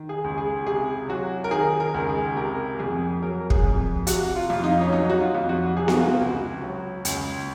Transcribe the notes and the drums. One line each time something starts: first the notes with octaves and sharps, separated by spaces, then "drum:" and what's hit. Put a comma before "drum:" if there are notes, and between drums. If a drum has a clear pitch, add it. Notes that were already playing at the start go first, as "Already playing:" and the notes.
Already playing: D#3
G#4
C#2
G#4
C3 G#4
F#3 F#4
A#4
D#3 G#4
A#4
C#2
G#4
C3 A#4
F2 G#4
F#3 A#4
G#4, drum: kick
F2
C3 F#4, drum: hi-hat
F4
F2 F4
D#4
C#4
F#3 D#4
F#4
F4
F2
F#4
C3 G#4
F#4, drum: snare B3
F4
F#4
C#2
F#3
C#2, drum: hi-hat